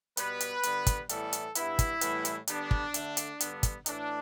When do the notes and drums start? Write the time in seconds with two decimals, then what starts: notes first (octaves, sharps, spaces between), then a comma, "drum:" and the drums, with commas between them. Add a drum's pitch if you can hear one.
0.17 B2 G3 B3 B4, drum: hi-hat
0.40 drum: hi-hat
0.63 D3 G3 B3, drum: hi-hat
0.87 drum: kick, hi-hat
1.09 A2 E3 G3 B3 A4, drum: hi-hat
1.33 drum: hi-hat
1.55 G2 G3 B3 E4, drum: hi-hat
1.79 drum: kick, hi-hat
2.01 A2 E3 G3 B3, drum: hi-hat
2.25 drum: hi-hat
2.47 D3 G3 B3 D4, drum: hi-hat
2.71 drum: kick
2.94 D3 A3, drum: hi-hat
3.17 drum: hi-hat
3.40 G2 D3 B3, drum: hi-hat
3.63 drum: kick, hi-hat
3.86 A2 E3 A3 D4, drum: hi-hat